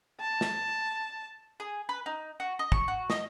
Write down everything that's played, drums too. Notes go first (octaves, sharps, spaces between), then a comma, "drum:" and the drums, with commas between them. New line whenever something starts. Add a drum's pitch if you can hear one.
A5
drum: snare
G#4
B4
D#4
F#4
D#5
C#6, drum: kick
F#4
D#5, drum: snare